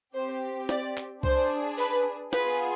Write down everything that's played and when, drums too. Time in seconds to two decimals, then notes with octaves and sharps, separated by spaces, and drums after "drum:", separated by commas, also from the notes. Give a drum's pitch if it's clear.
0.14 C4 G4 C5
0.69 D5, drum: snare
0.98 drum: clap
1.23 D4 G#4 C5, drum: kick C2
1.78 B4, drum: open hi-hat
2.33 B3 F4 G#4 B4, drum: snare